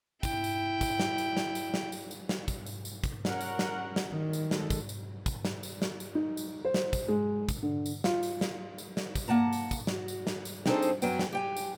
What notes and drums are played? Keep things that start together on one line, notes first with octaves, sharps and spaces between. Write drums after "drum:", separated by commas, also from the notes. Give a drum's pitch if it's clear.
E4 G5, drum: kick, tambourine
drum: tambourine
drum: kick, tambourine
drum: snare
drum: tambourine
drum: snare
drum: tambourine
drum: snare
drum: tambourine
drum: tambourine
drum: snare
drum: kick, tambourine
drum: tambourine
drum: tambourine
drum: kick, tambourine
C#4 A#4 F#5, drum: snare
drum: tambourine
drum: snare
drum: snare
D#3
drum: tambourine
G#3 A4, drum: snare
drum: kick, tambourine
drum: tambourine
drum: kick, tambourine
drum: snare
drum: tambourine
drum: snare
drum: tambourine
D#4
drum: tambourine
C5
drum: snare
drum: kick, tambourine
G#3
drum: kick, tambourine
D3
drum: tambourine
F4, drum: snare
drum: tambourine
drum: snare
drum: tambourine
drum: snare
drum: kick, tambourine
A#3 F#5 A5 A#5
drum: tambourine
drum: kick, tambourine
F#4, drum: snare
drum: tambourine
drum: snare
drum: tambourine
C4 D4 D#4 G#4 A4 C5, drum: snare
drum: tambourine
F#2 F#3 B3 G5 G#5, drum: tambourine
drum: snare
G4 G5 G#5
drum: tambourine